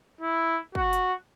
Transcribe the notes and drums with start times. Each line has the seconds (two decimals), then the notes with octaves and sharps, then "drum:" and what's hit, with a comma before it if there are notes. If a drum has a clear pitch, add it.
0.21 E4
0.75 F#4, drum: kick
0.93 drum: hi-hat